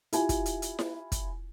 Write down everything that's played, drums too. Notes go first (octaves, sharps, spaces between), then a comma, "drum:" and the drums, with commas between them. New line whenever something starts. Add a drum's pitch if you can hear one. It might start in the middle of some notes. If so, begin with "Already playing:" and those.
E4 F4 G4 G#5, drum: hi-hat
drum: kick, hi-hat
drum: hi-hat
drum: hi-hat
drum: snare E4
drum: kick, hi-hat